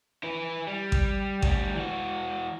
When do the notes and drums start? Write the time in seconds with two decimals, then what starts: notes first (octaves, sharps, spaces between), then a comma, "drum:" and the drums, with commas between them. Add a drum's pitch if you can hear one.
0.23 E4 B4
0.67 G3
0.92 drum: kick A1
1.42 D2 G3, drum: kick A1
1.75 E3 F#4